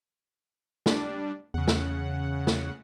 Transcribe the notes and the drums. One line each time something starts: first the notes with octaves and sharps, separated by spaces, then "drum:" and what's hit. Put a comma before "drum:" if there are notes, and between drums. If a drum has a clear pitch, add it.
G3 D4, drum: snare
E2 C#3 F#5
drum: snare
drum: snare